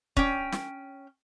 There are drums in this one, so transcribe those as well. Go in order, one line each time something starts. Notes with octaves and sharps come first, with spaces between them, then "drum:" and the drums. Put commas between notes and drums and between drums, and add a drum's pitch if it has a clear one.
C#4 G5, drum: kick
drum: snare